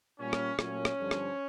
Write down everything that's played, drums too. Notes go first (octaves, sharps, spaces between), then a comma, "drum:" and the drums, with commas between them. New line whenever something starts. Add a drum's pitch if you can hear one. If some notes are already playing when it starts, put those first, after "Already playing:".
A#2 G3 A#3 C#4
drum: rim click
A#2 F#3 A3 C#4, drum: rim click
drum: rim click
G2 D3 F3
drum: rim click